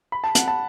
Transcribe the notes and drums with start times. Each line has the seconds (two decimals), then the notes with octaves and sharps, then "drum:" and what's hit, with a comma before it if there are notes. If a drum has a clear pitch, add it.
0.12 B5
0.24 A5
0.35 F#5, drum: hi-hat
0.48 A5